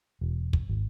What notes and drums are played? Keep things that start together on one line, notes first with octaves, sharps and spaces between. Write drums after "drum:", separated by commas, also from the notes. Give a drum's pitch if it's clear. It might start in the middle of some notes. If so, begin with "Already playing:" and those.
E1
drum: kick
G#1